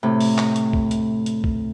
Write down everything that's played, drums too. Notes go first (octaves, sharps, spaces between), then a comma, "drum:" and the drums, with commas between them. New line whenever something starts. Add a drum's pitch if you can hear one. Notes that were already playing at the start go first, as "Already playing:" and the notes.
A2 C3
drum: open hi-hat
drum: clap
drum: hi-hat
drum: kick
drum: hi-hat
drum: hi-hat
drum: kick